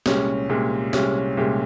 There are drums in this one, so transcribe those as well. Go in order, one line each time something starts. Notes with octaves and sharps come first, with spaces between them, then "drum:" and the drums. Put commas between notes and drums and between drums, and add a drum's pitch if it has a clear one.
C2 A#2 G#3 C#4 G4, drum: snare
C2 A#2 G#3 C#4 G4
C2 A#2 G#3 C#4 G4, drum: snare
C2 A#2 G#3 C#4 G4